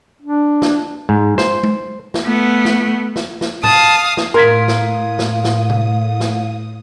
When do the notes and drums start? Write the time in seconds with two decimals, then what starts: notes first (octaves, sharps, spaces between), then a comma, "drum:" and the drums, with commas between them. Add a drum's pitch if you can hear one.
0.22 D4
0.62 drum: snare
1.09 G#2
1.38 C5, drum: snare
1.63 drum: tom G#3
2.14 drum: snare
2.24 A3 B3
2.65 drum: snare
3.16 drum: snare
3.41 drum: snare
3.64 F5 A5 D#6, drum: tom G#2
4.17 drum: snare
4.34 A2 A#4 F5 C6 D#6 G#6 B6
4.68 drum: snare
5.19 drum: snare
5.44 drum: snare
5.70 drum: tom B2
6.20 drum: snare